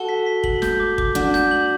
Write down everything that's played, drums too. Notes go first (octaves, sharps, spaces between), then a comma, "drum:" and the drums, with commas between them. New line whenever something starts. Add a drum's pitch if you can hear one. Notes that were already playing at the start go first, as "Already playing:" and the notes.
Already playing: F#4 A4 G7
B6
B6
F#7, drum: kick
G6, drum: snare
D6
D6, drum: kick
D4 F#4 D6
G6, drum: snare
F#7